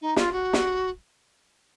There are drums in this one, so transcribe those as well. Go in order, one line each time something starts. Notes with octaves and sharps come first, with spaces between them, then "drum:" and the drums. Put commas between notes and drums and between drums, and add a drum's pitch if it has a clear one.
D#4
F4, drum: snare
F#4
drum: snare